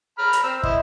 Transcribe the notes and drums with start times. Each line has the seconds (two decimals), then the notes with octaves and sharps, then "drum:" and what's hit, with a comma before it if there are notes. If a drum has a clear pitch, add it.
0.19 A#5 B5 F6
0.33 drum: hi-hat
0.43 C4 E6
0.63 E4 C5 D#5, drum: kick